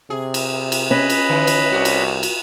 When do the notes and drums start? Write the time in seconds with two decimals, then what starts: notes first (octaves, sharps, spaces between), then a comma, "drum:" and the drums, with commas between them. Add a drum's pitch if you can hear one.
0.10 C3 G#4
0.34 drum: cymbal
0.72 drum: cymbal
0.91 C#4 B4 D#5 B5
1.10 drum: cymbal
1.29 D3 E3
1.47 drum: cymbal
1.72 C2 F#4
1.85 drum: cymbal
2.23 drum: cymbal